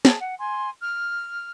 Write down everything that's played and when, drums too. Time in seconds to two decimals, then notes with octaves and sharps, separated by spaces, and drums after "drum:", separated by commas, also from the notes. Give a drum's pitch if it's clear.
0.05 G#4 C#5 A5, drum: snare
0.20 F#5
0.39 G#5 C6
0.80 F6